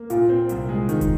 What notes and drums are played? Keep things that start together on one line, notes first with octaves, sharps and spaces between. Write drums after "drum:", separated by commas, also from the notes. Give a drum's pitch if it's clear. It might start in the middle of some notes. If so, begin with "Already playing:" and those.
Already playing: A#3
A#2 F4, drum: hi-hat
C4
C2, drum: hi-hat
G#3
D#3, drum: hi-hat
drum: kick, hi-hat